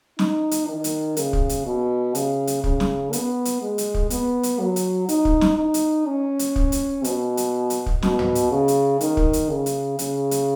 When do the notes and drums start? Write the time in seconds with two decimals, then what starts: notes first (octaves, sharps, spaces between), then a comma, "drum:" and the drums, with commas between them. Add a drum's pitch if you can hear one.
0.19 D#4, drum: snare
0.51 drum: hi-hat
0.68 D#3
0.84 drum: hi-hat
1.17 C#3, drum: hi-hat
1.33 drum: kick
1.49 drum: hi-hat
1.66 B2
2.15 C#3, drum: hi-hat
2.47 drum: hi-hat
2.64 C#3, drum: kick
2.80 drum: snare
3.13 B3, drum: hi-hat
3.45 drum: hi-hat
3.62 G#3
3.78 drum: hi-hat
3.94 drum: kick
4.10 B3, drum: hi-hat
4.43 drum: hi-hat
4.60 F#3
4.76 drum: hi-hat
5.09 D#4, drum: hi-hat
5.25 drum: kick
5.41 drum: snare
5.58 D#4
5.74 drum: hi-hat
6.06 C#4
6.39 drum: hi-hat
6.56 drum: kick
6.72 drum: hi-hat
7.04 B2, drum: hi-hat
7.37 drum: hi-hat
7.70 drum: hi-hat
7.86 drum: kick
8.02 B2, drum: snare
8.19 drum: tom
8.35 drum: hi-hat
8.52 C#3
8.68 drum: hi-hat
9.01 D#3, drum: hi-hat
9.17 drum: kick
9.33 drum: hi-hat
9.50 C#3
9.66 drum: hi-hat
9.99 C#3, drum: hi-hat
10.31 drum: hi-hat